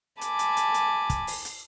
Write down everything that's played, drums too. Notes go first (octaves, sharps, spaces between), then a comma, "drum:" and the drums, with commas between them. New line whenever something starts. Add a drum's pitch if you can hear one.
G#5 A5 B5 D6, drum: hi-hat
drum: hi-hat
drum: hi-hat
drum: hi-hat
drum: kick, hi-hat
drum: open hi-hat
drum: hi-hat